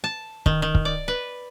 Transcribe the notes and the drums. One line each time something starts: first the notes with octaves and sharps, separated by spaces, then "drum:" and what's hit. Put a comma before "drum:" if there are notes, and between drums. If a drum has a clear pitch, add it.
A5
D#3, drum: kick
D#3
drum: kick
D5
B4